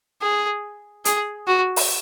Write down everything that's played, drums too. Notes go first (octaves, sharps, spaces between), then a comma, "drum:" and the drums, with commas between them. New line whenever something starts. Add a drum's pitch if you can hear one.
G#4
G#4, drum: hi-hat
F#4
drum: open hi-hat